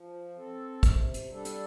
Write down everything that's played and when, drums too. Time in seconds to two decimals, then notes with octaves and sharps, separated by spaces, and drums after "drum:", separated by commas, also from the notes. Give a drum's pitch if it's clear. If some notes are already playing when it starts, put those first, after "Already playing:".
Already playing: F3
0.36 C4 A4
0.83 C3, drum: kick, hi-hat
1.14 drum: hi-hat
1.30 G3 D4 A4
1.45 drum: hi-hat